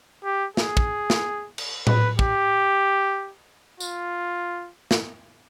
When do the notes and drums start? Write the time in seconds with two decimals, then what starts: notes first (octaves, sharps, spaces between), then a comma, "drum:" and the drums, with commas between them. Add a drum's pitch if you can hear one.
0.24 G4
0.57 G#4, drum: snare
0.77 drum: kick
1.10 drum: snare
1.58 drum: cymbal
1.87 B4, drum: tom A2
2.19 G4, drum: kick
3.80 F4, drum: tambourine
4.91 drum: snare